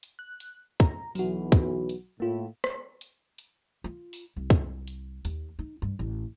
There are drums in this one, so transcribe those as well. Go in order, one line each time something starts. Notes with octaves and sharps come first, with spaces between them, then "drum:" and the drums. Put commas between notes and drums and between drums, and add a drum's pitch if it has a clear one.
drum: hi-hat
F#6
drum: hi-hat
A#5, drum: kick, hi-hat
B1 E3 F#3 F#4, drum: open hi-hat
drum: kick, hi-hat
drum: hi-hat
A2 A#3 F4
drum: rim click
drum: hi-hat
drum: hi-hat
F4
drum: open hi-hat
C2
drum: kick, hi-hat
drum: hi-hat
D#2, drum: hi-hat
D#4
G2
A1